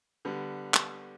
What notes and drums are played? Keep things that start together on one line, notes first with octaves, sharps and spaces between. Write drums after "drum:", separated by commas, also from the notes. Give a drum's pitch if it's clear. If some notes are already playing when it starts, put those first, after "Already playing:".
D3 G3 B3
drum: clap